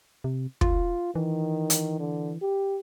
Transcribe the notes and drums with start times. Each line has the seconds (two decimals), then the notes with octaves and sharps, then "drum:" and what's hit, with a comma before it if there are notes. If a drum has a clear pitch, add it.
0.24 C3
0.61 F4, drum: kick
1.15 D#3 E3
1.70 drum: hi-hat
2.00 D3
2.41 G4